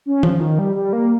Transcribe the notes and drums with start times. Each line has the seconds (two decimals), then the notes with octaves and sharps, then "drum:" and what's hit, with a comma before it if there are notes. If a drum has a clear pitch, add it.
0.06 C#4
0.23 F3, drum: tom D#3
0.40 D#3
0.59 G3
0.75 G3
0.93 A#3